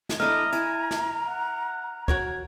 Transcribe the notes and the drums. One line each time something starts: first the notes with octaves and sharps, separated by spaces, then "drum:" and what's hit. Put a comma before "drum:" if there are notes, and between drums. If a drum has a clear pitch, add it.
drum: snare
A3 D4 E4 D#5 A#5 F6
E4 G#5, drum: hi-hat
drum: snare
F#5
F#4 A#4 C#5 G#6, drum: kick C#2